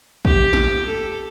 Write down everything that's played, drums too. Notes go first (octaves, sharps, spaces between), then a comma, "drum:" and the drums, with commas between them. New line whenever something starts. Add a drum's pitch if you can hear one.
G4, drum: kick
drum: snare
A4